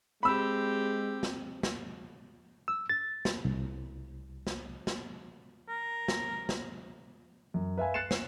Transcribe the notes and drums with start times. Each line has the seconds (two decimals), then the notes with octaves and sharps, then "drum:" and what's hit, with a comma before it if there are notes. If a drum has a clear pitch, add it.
0.23 G#3 C4 G4 B5 E6
1.23 drum: snare
1.63 drum: snare
2.68 E6
2.89 A6
3.25 drum: snare
3.45 C2
4.47 drum: snare
4.87 drum: snare
5.68 A#4
6.08 drum: snare
6.49 drum: snare
7.54 F#2
7.78 B4 E5 F5 G#5
7.94 F#6 A6 C7 C#7 E7
8.11 drum: snare